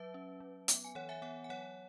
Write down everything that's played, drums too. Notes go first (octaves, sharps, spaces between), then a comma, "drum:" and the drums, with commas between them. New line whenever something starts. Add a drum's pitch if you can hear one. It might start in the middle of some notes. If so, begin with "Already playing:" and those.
Already playing: F#3 B4 E5
C#4
F#3
B3, drum: hi-hat
G#5
E3 C#5 F#5
E5 G#5
B3 C#5 F#5
G#5
F#3 C#5 F#5